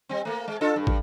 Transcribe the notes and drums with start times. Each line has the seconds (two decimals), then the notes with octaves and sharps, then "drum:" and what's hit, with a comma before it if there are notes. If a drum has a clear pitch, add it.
0.09 G3 C4
0.25 A3 A#3
0.48 G#3
0.61 D4 F4 A4
0.76 G2
0.87 drum: kick